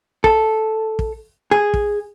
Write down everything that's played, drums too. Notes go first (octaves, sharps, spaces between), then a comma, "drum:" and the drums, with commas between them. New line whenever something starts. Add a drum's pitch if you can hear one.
A4, drum: kick
drum: kick
G#4
drum: kick